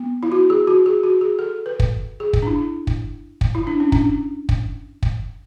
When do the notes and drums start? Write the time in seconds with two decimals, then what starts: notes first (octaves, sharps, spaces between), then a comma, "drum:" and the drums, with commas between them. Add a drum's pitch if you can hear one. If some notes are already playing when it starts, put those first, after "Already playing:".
Already playing: B3
0.23 E4
0.32 F#4
0.50 G#4
0.67 F#4
0.86 G#4
1.03 F#4
1.21 G#4
1.39 A4
1.66 B4
1.80 drum: kick
2.20 G#4
2.33 drum: kick
2.42 D4
2.47 E4
2.87 drum: kick
3.41 drum: kick
3.55 E4
3.67 D4
3.80 C#4
3.92 D4, drum: kick
4.49 drum: kick
5.03 drum: kick